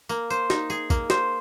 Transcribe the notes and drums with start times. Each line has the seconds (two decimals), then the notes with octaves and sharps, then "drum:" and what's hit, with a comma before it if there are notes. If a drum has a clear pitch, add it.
0.09 A#3, drum: tambourine
0.30 C5, drum: tambourine
0.50 D#4, drum: snare
0.70 G#4, drum: tambourine
0.90 A#3, drum: kick, tambourine
1.10 C5, drum: snare